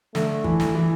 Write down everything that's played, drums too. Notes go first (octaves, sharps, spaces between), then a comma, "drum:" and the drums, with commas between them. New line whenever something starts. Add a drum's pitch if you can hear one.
D3 A3, drum: snare
E3, drum: kick G#1
drum: snare
E3